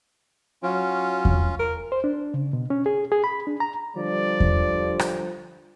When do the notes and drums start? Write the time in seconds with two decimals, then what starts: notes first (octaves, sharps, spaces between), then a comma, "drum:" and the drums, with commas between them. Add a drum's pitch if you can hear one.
0.63 F#3 C#4 F4
1.25 drum: kick E2
1.59 A#4
1.92 C5
2.04 D4
2.34 C#3
2.53 B2
2.70 C#4
2.86 G#4
3.12 G#4
3.24 B5
3.47 D4
3.60 A#5
3.97 D3 F3 G3 D5
4.40 drum: kick E2
4.99 drum: rim click